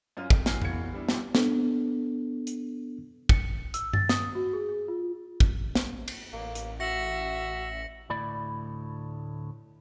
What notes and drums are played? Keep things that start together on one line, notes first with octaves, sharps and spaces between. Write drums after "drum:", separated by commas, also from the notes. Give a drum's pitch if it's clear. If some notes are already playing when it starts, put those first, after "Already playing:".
F#2 C#4 F4 F6
F2, drum: kick
E3 F#3 G#5 F6 C7, drum: snare
F1 B2 E3 F5 G#6 C#7, drum: tom F2
G3 B3 D4 E4
A#2 F#3 B3 E4 G4, drum: snare
B3 D4 A4, drum: snare
drum: hi-hat
C#7, drum: kick
E6, drum: hi-hat
A6, drum: tom G2
D#6, drum: snare
F#4
G#4
G#4
F4
drum: kick
drum: snare
drum: cymbal
A1 A#3
drum: hi-hat
F#4 E5 A#6 C#7 F#7
D2 A2 D5 B5